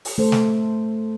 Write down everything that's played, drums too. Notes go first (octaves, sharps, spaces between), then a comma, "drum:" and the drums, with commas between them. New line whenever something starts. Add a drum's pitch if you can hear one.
drum: open hi-hat
A3 A4 C5
drum: snare